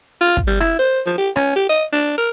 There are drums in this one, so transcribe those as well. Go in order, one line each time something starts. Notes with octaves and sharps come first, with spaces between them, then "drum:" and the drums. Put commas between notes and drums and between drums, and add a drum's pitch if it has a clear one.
F4
drum: kick
G3
E4, drum: rim click
C5
F3
G4
C#4, drum: rim click
G4
D#5
D4
A#4